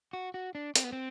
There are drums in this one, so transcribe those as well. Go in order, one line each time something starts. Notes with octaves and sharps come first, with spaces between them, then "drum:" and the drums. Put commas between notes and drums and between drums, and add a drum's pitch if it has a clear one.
F#4
F#4
D4
C4, drum: hi-hat
B3
C4